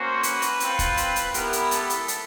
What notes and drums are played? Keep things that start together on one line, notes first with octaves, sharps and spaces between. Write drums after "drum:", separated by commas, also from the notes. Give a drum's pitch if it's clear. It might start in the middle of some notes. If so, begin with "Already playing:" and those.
Already playing: A#3 C#4 F#4 C5
B4, drum: hi-hat
drum: hi-hat
C4 F4, drum: hi-hat
drum: kick, hi-hat
drum: hi-hat
drum: hi-hat
B3 E4 G4 A#4, drum: hi-hat
drum: hi-hat
A4, drum: hi-hat
drum: hi-hat
drum: hi-hat